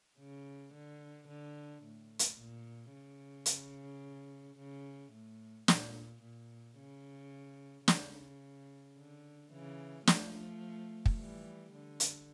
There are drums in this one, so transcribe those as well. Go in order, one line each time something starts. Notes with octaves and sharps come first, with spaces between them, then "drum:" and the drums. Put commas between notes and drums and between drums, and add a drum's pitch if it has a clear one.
C#3
D3
D3
A2
drum: hi-hat
A#2
C#3
drum: hi-hat
C#3
A2
A#2, drum: snare
A#2
C#3
C#3, drum: snare
D3
C#3 E3
F3 A3, drum: snare
drum: kick
E3 G3
D3
drum: hi-hat